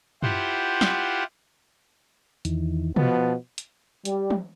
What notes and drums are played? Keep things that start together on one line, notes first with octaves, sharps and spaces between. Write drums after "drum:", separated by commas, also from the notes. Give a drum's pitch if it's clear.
E4 F4 G4 C5 F#5, drum: tom
drum: snare
E2 D#3 E3, drum: hi-hat
B2 F3 B3 A5, drum: tom
drum: hi-hat
G3, drum: hi-hat
drum: tom